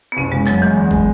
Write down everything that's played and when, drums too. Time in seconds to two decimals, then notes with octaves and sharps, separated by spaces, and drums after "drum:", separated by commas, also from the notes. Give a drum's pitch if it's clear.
0.12 B3
0.17 F#1 C#4
0.32 F#1 G#3
0.47 F#2 F#3, drum: clap
0.62 E3 G#3
0.77 E2
0.91 G#3, drum: kick